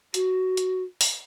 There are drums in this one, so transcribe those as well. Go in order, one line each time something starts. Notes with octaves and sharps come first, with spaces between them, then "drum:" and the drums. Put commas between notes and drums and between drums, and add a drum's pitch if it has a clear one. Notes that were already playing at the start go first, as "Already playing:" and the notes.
F#4, drum: hi-hat
drum: hi-hat
drum: open hi-hat